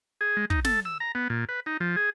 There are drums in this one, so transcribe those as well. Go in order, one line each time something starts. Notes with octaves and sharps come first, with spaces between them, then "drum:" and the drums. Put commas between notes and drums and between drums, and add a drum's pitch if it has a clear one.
G#4
G#3
D#4, drum: kick
A4, drum: snare
E6
A#5
B3
A#2
B4
D#4
F3
G#4